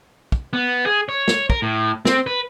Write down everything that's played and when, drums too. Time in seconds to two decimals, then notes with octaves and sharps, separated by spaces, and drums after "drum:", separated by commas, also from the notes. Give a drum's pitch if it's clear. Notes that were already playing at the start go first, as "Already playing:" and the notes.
0.32 drum: kick
0.53 B3
0.86 G#4
1.09 C#5
1.28 drum: snare
1.50 A#4, drum: kick
1.62 A2
2.05 C4, drum: snare
2.27 B4